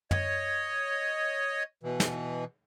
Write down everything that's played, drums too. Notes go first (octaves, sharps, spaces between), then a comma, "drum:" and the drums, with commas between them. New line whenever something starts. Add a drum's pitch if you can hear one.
C#5 D#5, drum: tom
B2 E3
drum: snare